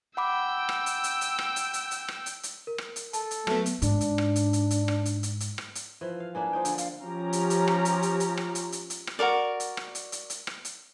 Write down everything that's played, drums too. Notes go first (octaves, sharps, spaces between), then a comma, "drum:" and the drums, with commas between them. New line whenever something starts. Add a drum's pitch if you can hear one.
F#5 G5 B5 D6 E6
drum: rim click
drum: hi-hat
drum: hi-hat
drum: hi-hat
drum: rim click
drum: hi-hat
drum: hi-hat
drum: hi-hat
drum: rim click
drum: hi-hat
drum: hi-hat
A#4
drum: rim click
drum: hi-hat
A4 A5, drum: hi-hat
drum: hi-hat
F#3 A3 B3 A5, drum: rim click
drum: hi-hat
G#2 D4, drum: hi-hat
drum: hi-hat
drum: rim click
drum: hi-hat
drum: hi-hat
drum: hi-hat
drum: rim click
drum: hi-hat
drum: hi-hat
drum: hi-hat
drum: rim click
drum: hi-hat
E3 F3
F5
E3 A#3 D4 G#5
F3 D#4 G5
D3, drum: hi-hat
F5, drum: hi-hat
F3 C#4 G4 A#5
drum: hi-hat
drum: hi-hat
drum: rim click
drum: hi-hat
drum: hi-hat
drum: hi-hat
drum: rim click
drum: hi-hat
drum: hi-hat
drum: hi-hat
drum: rim click
F#4 A4 A#4 D5
drum: hi-hat
drum: rim click
drum: hi-hat
drum: hi-hat
drum: hi-hat
drum: rim click
drum: hi-hat